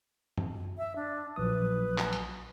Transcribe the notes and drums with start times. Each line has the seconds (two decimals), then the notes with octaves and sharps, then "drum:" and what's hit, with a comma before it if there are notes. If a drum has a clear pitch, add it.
0.38 drum: tom F#2
0.78 E5
0.96 D4
1.36 A#1 F#3 B4 D#6
1.98 drum: clap
2.13 drum: hi-hat